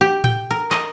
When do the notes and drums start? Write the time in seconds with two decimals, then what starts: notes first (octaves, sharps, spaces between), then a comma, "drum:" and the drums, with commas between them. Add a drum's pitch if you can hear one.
0.01 G4
0.24 G5, drum: tom A2
0.51 A#4
0.71 D#5, drum: clap